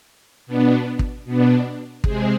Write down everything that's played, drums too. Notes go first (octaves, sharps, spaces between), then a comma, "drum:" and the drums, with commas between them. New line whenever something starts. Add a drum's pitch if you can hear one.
B2 B3 D4
drum: kick
B2 B3 D4
C3 G#3 C4 G#4, drum: kick